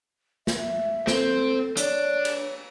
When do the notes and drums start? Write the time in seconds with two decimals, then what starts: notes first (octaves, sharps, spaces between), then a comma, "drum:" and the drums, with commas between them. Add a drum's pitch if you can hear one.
0.47 E5, drum: snare
1.07 C4 A4, drum: snare
1.77 D4 C#5, drum: hi-hat
2.25 drum: cymbal